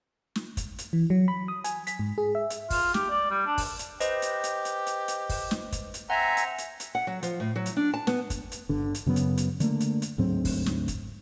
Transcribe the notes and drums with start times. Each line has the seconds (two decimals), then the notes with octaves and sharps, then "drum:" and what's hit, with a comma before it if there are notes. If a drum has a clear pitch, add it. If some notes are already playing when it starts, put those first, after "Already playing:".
0.36 drum: snare
0.57 drum: kick, hi-hat
0.78 drum: hi-hat
0.93 E3
1.10 F#3
1.28 B5
1.48 D#6
1.64 G#5, drum: hi-hat
1.87 B6, drum: hi-hat
1.99 G#2
2.18 G#4
2.35 E5
2.50 drum: hi-hat
2.70 F4, drum: kick, open hi-hat
2.94 G4, drum: snare
3.10 D5
3.30 G3
3.46 D4
3.58 drum: kick, open hi-hat
3.79 drum: hi-hat
4.00 G4 B4 C5 D#5, drum: hi-hat
4.22 drum: hi-hat
4.44 drum: hi-hat
4.65 drum: hi-hat
4.86 drum: hi-hat
5.08 drum: hi-hat
5.29 drum: kick, open hi-hat
5.51 drum: snare
5.72 drum: kick, hi-hat
5.94 drum: hi-hat
6.10 C4 E5 F#5 G#5 A#5
6.37 drum: hi-hat
6.58 drum: hi-hat
6.80 drum: hi-hat
6.95 F#5
7.07 F#3
7.23 F3, drum: hi-hat
7.40 A2
7.56 F#3
7.66 drum: hi-hat
7.77 D4
7.94 A5
8.07 B3, drum: snare
8.30 drum: kick, hi-hat
8.52 drum: hi-hat
8.69 G1 D3
8.95 drum: hi-hat
9.06 F#2 C#3 F#3 B3
9.16 drum: hi-hat
9.37 drum: hi-hat
9.60 D3 A3 A#3, drum: hi-hat
9.80 drum: hi-hat
10.02 drum: hi-hat
10.18 D2 G#2 F#3 C4
10.45 drum: kick, open hi-hat
10.66 drum: snare
10.88 drum: kick, hi-hat